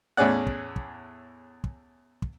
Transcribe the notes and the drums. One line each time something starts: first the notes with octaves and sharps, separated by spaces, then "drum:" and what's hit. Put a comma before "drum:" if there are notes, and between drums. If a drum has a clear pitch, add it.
E2 A2 C#4 G#4 D5 F#5
drum: kick
drum: kick
drum: kick
drum: kick